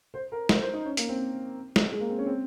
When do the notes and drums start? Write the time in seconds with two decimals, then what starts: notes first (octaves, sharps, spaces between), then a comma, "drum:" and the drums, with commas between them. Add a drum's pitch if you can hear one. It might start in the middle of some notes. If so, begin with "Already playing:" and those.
0.14 C5
0.32 A#4
0.49 C5, drum: snare
0.62 C5
0.73 D#4
0.85 C#4
0.97 A#3, drum: hi-hat
1.09 C4
1.76 drum: snare
1.92 G#3
2.00 A#3
2.09 C4
2.18 C#4
2.26 C4